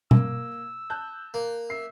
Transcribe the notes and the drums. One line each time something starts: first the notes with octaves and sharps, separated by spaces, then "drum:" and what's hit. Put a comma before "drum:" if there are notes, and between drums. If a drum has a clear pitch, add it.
A#3 E6, drum: tom B2
A5 F#6 G6
A#3
E5 C7